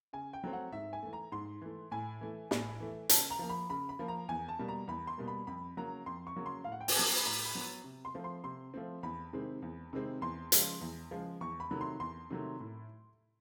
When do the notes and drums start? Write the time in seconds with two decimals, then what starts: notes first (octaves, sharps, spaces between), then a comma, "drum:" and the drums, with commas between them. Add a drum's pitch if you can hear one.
0.13 C#3 G#5
0.33 G5
0.44 F#3 A3 C4
0.53 F#5
0.72 G#2 E5
0.93 G#5
1.03 E3 A3
1.13 A#5
1.32 G#2 C6
1.61 E3 A3
1.91 A2 G#5
2.21 E3 A3
2.51 A2, drum: snare
2.80 E3 A3
3.09 C#3 A5, drum: hi-hat
3.30 A#5
3.39 F3 A#3
3.49 B5
3.70 C#3 B5
3.89 B5
3.99 F3 A#3
4.08 A#5
4.28 E2 G#5
4.49 A5
4.59 B2 G3 A#3
4.68 A#5
4.87 E2 B5
5.07 C6
5.18 B2 G3 A#3
5.28 B5
5.47 F2 B5
5.77 C#3 F#3 A#3 A#5
6.06 F2 C6
6.27 C#6
6.36 C#3 F#3 A#3
6.46 C6
6.64 A2 F5
6.72 F#5
6.80 G5
6.88 G#5, drum: open hi-hat
6.96 F#3 B3 A5
7.17 B5
7.25 A2 A#5
7.45 B5
7.55 F#3 B3
7.84 C3
8.05 C6
8.14 F3 A3 C4
8.24 C6
8.44 C3 C6
8.74 F3 A3 C4
9.03 E2 B5
9.33 C3 D#3 G#3 C4
9.62 E2
9.93 C3 D#3 G#3 C4
10.21 E2 C6
10.52 C#3 F3 G#3, drum: hi-hat
10.81 E2
11.11 C#3 F3 G#3
11.41 E2 C#6
11.60 B5
11.71 C3 D#3 F#3 A3
11.81 C6
12.00 E2 C6
12.30 C3 D#3 F#3 A3
12.60 A2